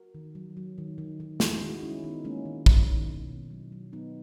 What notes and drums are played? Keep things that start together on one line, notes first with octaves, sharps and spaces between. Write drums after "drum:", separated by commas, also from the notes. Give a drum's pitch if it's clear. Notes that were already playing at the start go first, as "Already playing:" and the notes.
Already playing: F#4 A#4
D#3
F#3
F#3
D#3
D#3
D#3
G#3 E4 G#4, drum: snare
G#3 D#4 F#4
G#3 C#4 E4
D#3 B3 D#4
G#3 A#3 C#4
D#3
G#3, drum: kick
D#3
B2
B2
F#3
F#3
F#3 B3 D#4